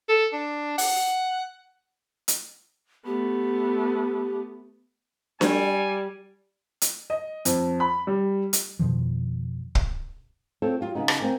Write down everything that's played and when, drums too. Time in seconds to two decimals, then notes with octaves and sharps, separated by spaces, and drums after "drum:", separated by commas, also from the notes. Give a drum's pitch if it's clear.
0.09 A4
0.33 D4
0.78 F#5, drum: open hi-hat
2.28 drum: hi-hat
3.06 A3 B3 G4
5.41 G3 G#5, drum: snare D4
6.82 drum: hi-hat
7.10 D#5
7.45 F2, drum: hi-hat
7.80 B5
8.07 G3
8.53 drum: hi-hat
8.79 F2 B2 D#3 F3
9.75 drum: kick
10.62 C4 F4 A4 C#5
10.81 F#3 F4 G4
10.95 C#3 B3 D#4
11.08 drum: rim click
11.20 A#3 C4 G#5